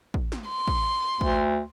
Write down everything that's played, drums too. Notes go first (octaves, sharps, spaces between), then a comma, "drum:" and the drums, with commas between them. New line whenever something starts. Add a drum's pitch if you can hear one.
drum: kick
drum: snare
C6
drum: kick
D2, drum: kick